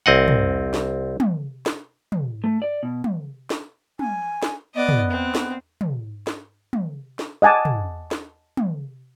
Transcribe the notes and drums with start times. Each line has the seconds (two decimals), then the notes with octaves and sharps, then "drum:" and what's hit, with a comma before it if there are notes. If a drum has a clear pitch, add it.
0.06 C2 C4 D#5 F#5
0.28 drum: tom
0.74 drum: snare
1.20 drum: tom
1.66 drum: snare
2.12 drum: tom
2.44 A3
2.62 D5
2.83 B2
3.04 drum: tom
3.50 drum: snare
3.99 G#5, drum: tom
4.43 drum: snare
4.75 B3 D5 D#5
4.89 drum: tom
5.10 C4
5.35 drum: snare
5.81 drum: tom
6.27 drum: snare
6.73 drum: tom
7.19 drum: snare
7.42 D#5 F#5 G#5 A5 D6
7.65 drum: tom
8.11 drum: snare
8.57 drum: tom